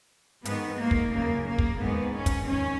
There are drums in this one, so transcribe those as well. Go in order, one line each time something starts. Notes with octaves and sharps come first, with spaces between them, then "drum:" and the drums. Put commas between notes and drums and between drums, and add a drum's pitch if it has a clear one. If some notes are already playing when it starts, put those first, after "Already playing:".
G#2 D#3 B3, drum: hi-hat
A#3
drum: kick
F#2 C#3 A#3
A#3
drum: kick
G#2 D#3 B3
C#4
drum: kick, hi-hat
G#2 D#3 C#4